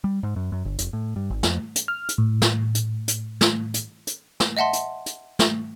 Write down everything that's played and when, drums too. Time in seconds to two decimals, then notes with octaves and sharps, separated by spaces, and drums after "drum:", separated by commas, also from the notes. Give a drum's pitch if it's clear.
0.04 G3
0.23 G#2
0.36 F#2
0.52 F#2
0.65 G1
0.78 F1, drum: hi-hat
0.93 A2
1.16 G2
1.30 G#1
1.43 F2, drum: snare
1.76 drum: hi-hat
1.88 F6
2.09 drum: hi-hat
2.18 A2
2.42 drum: snare
2.75 drum: hi-hat
3.08 drum: hi-hat
3.41 drum: snare
3.74 drum: hi-hat
4.07 drum: hi-hat
4.40 drum: snare
4.57 D#5 E5 F#5 A5 C6
4.73 drum: hi-hat
5.06 drum: hi-hat
5.39 drum: snare